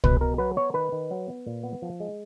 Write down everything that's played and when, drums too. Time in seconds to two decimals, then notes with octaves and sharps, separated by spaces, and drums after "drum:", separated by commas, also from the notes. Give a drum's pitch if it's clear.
0.04 B2 B4, drum: kick
0.21 B2 A#4
0.38 F#3 B4
0.57 B3 C#5
0.74 D#3 B4
0.92 D#3
1.11 F#3
1.27 B3
1.47 A#2
1.63 B3
1.82 F3
2.00 G#3